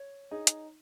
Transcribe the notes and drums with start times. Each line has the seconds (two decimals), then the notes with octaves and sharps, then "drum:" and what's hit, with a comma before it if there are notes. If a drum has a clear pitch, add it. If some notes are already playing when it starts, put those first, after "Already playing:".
Already playing: C#5
0.31 D#4 G#4
0.47 drum: hi-hat